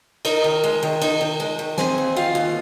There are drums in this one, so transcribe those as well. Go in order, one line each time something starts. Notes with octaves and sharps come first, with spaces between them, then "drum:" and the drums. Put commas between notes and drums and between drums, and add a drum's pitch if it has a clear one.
D#4 A#4 A#5, drum: cymbal
D#3
G#3
D#3
D#4, drum: cymbal
D#3
G#3
D#3
C4 G#4 G#5, drum: snare
D#2
D#3 F4 F5
D#2